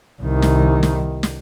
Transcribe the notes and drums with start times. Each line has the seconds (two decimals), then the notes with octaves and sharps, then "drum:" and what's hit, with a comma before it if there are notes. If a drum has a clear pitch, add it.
0.22 C2 D#3
0.42 drum: snare
0.83 drum: snare
1.23 drum: snare